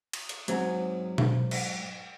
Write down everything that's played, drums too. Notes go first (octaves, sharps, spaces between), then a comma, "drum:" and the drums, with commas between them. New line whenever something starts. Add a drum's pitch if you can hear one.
drum: cymbal
drum: hi-hat
G#2 F#3 C4, drum: hi-hat
drum: tom B2
drum: cymbal